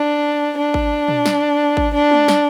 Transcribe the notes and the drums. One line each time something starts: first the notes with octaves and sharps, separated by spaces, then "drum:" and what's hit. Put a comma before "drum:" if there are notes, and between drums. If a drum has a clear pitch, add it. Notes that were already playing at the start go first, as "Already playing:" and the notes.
Already playing: D4
D4
drum: kick G#1
drum: tom
drum: snare
drum: kick G#1
D4
drum: tom G#3
drum: snare